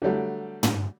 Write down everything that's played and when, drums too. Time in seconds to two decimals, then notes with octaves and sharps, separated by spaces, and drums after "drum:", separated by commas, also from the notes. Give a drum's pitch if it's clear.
0.02 D3 F#3 G3 A3
0.63 drum: tom